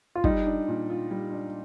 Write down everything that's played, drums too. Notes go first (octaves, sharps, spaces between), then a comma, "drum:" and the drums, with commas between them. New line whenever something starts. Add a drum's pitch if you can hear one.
F4
G3 D#4, drum: kick
D4
A#2
F4
G3
D4